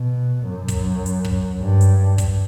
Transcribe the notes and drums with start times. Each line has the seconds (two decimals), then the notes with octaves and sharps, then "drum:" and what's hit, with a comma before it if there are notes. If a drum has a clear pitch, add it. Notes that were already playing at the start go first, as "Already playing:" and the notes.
Already playing: B2
0.50 F#2
0.68 drum: kick, hi-hat
1.06 drum: hi-hat
1.25 drum: kick
1.62 G2
1.81 drum: hi-hat
2.18 drum: kick, hi-hat